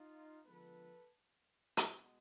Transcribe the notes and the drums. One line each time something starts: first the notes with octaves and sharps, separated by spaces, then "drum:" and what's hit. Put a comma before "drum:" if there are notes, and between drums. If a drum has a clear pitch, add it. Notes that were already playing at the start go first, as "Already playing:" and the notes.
Already playing: D#4 F4
D3 F3 G#3 B3 A4 B4
B2 G#3 B3, drum: hi-hat